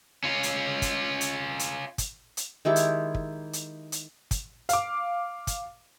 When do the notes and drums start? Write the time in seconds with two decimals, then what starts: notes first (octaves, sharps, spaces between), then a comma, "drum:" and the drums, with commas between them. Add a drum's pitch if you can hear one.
0.24 C#4 F4
0.43 drum: hi-hat
0.82 drum: kick, hi-hat
1.21 drum: hi-hat
1.59 drum: hi-hat
1.98 drum: kick, hi-hat
2.37 drum: hi-hat
2.65 D#3 G#3 E4 G4
2.76 drum: hi-hat
3.15 drum: kick
3.53 drum: hi-hat
3.92 drum: hi-hat
4.31 drum: kick, hi-hat
4.69 F5 D6, drum: hi-hat
5.47 drum: kick, hi-hat